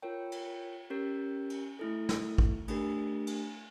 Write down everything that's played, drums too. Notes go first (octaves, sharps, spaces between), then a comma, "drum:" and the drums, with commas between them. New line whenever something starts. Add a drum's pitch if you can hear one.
F4 A#4 C#5 G5
drum: cymbal
C#4 G4 A#4
drum: cymbal
A3 E4 A4
drum: snare
drum: kick
A3 D4 G4 A#4, drum: cymbal
drum: cymbal